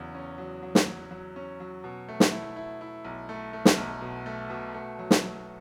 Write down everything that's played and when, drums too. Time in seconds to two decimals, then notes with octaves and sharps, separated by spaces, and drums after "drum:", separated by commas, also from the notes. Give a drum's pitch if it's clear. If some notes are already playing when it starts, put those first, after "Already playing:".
Already playing: E2 C#3 F#3 C#4
0.15 C#4
0.38 F#3
0.63 F#3
0.75 drum: snare
0.87 F#3
1.11 F#3
1.36 C#4
1.60 F#3
1.84 B2
2.08 A3
2.20 drum: snare
2.32 E4
2.56 E4
2.81 E4
3.05 B1
3.29 A3
3.53 A3
3.65 drum: snare
3.77 B1
4.01 B2
4.26 A3
4.50 B2
4.74 A3
4.99 F#3
5.11 drum: snare
5.23 F#3